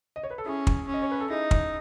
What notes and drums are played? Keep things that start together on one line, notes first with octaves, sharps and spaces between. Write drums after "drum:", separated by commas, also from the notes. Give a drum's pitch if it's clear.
D#5
C#5
B4
A4
C#4 E4 G#4
drum: kick
C#4
D#5
C#5
B4
A4
D#4 E4 G#4
drum: kick